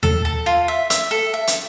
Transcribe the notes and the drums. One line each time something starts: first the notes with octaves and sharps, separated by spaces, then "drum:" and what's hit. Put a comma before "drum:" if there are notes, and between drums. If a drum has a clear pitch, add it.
A4, drum: tom D#2
A4
F4
E5
E5, drum: hi-hat
A4
E5
drum: hi-hat